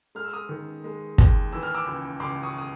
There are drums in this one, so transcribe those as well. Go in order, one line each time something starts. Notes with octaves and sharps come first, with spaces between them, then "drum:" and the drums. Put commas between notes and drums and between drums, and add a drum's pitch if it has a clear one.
G#3 F6
E6
D#6 F6
D#3
G#3
D#2, drum: kick
E3 E6
F6
D6 E6
C#2
C#2 C6 D6
C#6 D#6
D#6